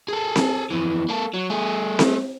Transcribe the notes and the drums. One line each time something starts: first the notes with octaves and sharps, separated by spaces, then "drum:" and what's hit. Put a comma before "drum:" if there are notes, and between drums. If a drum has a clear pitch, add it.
G#4 A4
drum: snare C4
F2 E3
A#3 A4
F#3
A3 G#4
drum: snare C4